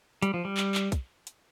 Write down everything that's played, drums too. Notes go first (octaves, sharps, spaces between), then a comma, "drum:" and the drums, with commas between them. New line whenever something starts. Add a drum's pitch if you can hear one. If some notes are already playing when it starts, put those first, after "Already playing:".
G3, drum: hi-hat
F3
G3
drum: clap
drum: clap
drum: kick, hi-hat
drum: hi-hat